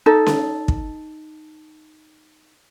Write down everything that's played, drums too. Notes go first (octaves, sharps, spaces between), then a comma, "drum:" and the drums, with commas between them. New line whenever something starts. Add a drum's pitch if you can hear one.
D#4 A4
drum: snare C#4
drum: kick